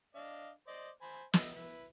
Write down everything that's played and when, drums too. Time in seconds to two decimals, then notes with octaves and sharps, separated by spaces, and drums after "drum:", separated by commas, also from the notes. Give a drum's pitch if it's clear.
0.15 D4 D#5 F5
0.68 C5 D5 D#5
1.02 C5 G#5 B5
1.33 D#5 E5, drum: snare
1.55 E4 B4